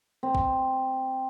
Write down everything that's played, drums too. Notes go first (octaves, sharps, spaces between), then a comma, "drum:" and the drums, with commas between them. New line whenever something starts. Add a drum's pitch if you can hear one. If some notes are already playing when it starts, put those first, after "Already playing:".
C4
drum: kick A1